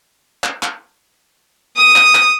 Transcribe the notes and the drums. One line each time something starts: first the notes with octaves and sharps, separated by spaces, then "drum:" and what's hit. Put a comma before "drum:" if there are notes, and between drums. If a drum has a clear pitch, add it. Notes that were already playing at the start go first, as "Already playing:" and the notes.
drum: clap
drum: clap
D#6
drum: clap
drum: clap